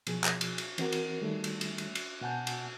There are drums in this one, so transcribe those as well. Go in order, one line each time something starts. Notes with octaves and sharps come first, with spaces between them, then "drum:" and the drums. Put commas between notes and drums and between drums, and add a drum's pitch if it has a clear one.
B2 F3 G#4, drum: cymbal
drum: clap
drum: cymbal
drum: cymbal
E3 C4 F#4 A#4, drum: cymbal
drum: cymbal
D#3 G3 A3 A4
drum: cymbal
drum: cymbal
drum: cymbal
drum: cymbal
B2 F#5 G#5 A5 G6
drum: cymbal